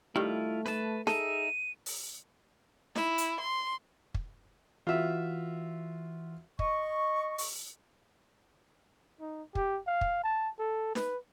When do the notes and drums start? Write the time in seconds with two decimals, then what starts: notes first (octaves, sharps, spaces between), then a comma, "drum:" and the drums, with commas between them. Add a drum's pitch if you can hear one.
0.16 D#3 G3 A3 E4 F4
0.66 B4 A5, drum: snare D#4
1.07 D#4 G#4 A4 E5 D#7, drum: snare D#4
1.86 drum: open hi-hat
2.95 E4, drum: snare D#4
3.18 drum: hi-hat
3.40 C6
4.14 drum: kick
4.87 E3 F4 F#4 E5
6.59 D#5 C#6, drum: kick
7.38 drum: open hi-hat
9.20 D#4
9.55 G4, drum: kick
9.87 F5
10.01 drum: kick
10.24 A5
10.59 A4
10.95 B4, drum: snare D#4